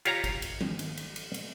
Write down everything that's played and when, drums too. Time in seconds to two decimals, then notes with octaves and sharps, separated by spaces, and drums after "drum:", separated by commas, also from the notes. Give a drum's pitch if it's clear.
0.05 F4 G4 C#5 F5 A#5, drum: cymbal
0.24 drum: kick G#1, cymbal
0.42 drum: cymbal
0.61 drum: tom D#3
0.79 drum: cymbal
0.97 drum: cymbal
1.16 drum: cymbal
1.34 drum: cymbal